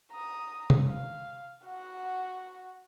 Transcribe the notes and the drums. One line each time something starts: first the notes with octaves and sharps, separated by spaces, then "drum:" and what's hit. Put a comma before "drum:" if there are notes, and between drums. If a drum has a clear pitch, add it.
A#5 D#6
drum: tom C3
F5
F#4 F#5